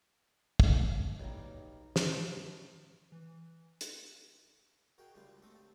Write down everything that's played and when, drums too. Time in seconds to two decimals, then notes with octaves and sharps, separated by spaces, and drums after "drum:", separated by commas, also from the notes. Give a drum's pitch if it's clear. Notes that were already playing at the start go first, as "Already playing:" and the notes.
0.60 drum: kick
1.19 B1 G3 A#3 D#4
1.96 drum: snare
3.12 E3
3.81 drum: hi-hat
4.98 F#4 G#4 A#4 D#5 G5
5.15 C#2 G3 A#3 D4 F4 A5
5.42 A3 C4 A4 D#5
5.55 A5